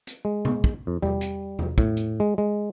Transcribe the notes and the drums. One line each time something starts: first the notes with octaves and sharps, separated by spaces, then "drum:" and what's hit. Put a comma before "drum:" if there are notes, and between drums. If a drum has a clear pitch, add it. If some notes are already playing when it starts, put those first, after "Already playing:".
drum: hi-hat
G#3
drum: tom C3
drum: kick
F2
G3, drum: tom E2
drum: hi-hat
drum: tom E2
A2, drum: kick
drum: hi-hat
G#3
G#3